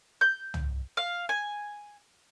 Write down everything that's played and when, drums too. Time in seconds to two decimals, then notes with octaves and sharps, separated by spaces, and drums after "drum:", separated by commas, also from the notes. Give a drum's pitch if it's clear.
0.21 G6
0.54 drum: tom
0.97 F5
1.29 G#5